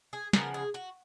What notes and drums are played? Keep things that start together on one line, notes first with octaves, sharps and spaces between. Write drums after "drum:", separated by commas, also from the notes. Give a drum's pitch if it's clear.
G#4
C#3 F3 G#3 B3 A#4, drum: snare
G#4
F#4